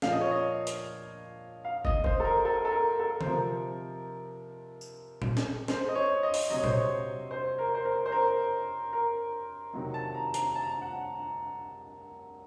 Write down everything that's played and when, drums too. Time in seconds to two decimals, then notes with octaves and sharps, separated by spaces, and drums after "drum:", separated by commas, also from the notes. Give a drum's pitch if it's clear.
0.02 A#2 F3 F5, drum: snare
0.12 D#5
0.21 C#5
0.31 D#5
0.67 drum: hi-hat
1.65 F5
1.85 D#5, drum: kick
2.04 C5, drum: kick
2.20 A4
2.25 A#4
2.45 A4
2.65 A4
2.72 A#4
2.99 A4
3.21 C5, drum: tom D3
3.25 C3 F3 A#4
4.81 drum: tambourine
5.22 drum: tom A#2
5.37 drum: snare
5.68 C5, drum: snare
5.89 D#5
5.95 C#5
6.23 D#5
6.34 drum: open hi-hat
6.50 C3 F#3 D#5
6.56 C#5
6.64 C5, drum: tom A#2
6.72 C#5
7.31 C5
7.58 A#4
7.75 C5
7.85 A#4
8.06 C5
8.12 A#4
8.93 A#4
9.73 C3 D#3 F#3
9.94 A5
10.14 A#5
10.34 A#5, drum: hi-hat
10.55 A5
10.63 A#5
10.71 A5
10.82 F#5